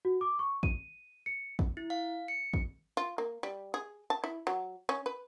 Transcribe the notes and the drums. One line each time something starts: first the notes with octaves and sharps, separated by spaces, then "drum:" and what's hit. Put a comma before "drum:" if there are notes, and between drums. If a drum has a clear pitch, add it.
F#4
D6
C#6
D#7, drum: kick
C#7
drum: kick
E4
F5
C#7
drum: kick
F4
A#3
G3
G#4
A5
E4
F#3
C#4
B4